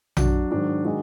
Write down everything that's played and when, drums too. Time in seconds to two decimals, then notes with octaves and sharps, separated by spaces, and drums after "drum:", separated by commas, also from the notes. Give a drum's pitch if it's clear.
0.17 F#3 D4 F#4, drum: tom A#1
0.51 G#2 D#3 F#3 D4
0.85 D#3 G#3 D4 F#4